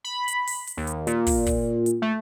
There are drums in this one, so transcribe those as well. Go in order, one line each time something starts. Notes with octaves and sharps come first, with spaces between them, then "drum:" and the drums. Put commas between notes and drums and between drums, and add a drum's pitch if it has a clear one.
B5
drum: hi-hat
drum: open hi-hat
drum: hi-hat
D#2
drum: hi-hat
A#2, drum: hi-hat
drum: kick, open hi-hat
drum: kick, hi-hat
drum: hi-hat
A3